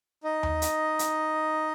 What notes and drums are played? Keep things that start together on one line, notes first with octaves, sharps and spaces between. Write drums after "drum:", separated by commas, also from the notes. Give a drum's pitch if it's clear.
D#4 D#5
drum: tom D#2
drum: hi-hat
drum: hi-hat